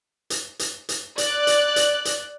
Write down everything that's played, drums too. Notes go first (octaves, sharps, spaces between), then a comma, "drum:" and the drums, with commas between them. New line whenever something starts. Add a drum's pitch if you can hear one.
drum: hi-hat
drum: hi-hat
drum: hi-hat
D5 F#6, drum: hi-hat
drum: hi-hat
drum: hi-hat
drum: hi-hat